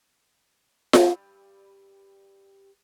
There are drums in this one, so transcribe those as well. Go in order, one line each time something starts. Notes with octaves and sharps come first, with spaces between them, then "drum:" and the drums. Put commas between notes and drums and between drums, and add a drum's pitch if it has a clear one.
G2 G3, drum: snare F4